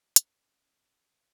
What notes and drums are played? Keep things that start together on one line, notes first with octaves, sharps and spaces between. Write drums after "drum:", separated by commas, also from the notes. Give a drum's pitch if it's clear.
C#4 A#4 C5, drum: hi-hat
D#3 C4 D5 F#5